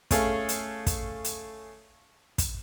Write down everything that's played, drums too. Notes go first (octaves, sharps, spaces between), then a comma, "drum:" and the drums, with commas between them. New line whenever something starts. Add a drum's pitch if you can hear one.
A3 C#4 G#4 A4 F5, drum: kick, hi-hat
drum: hi-hat
drum: kick, hi-hat
drum: hi-hat
drum: kick, hi-hat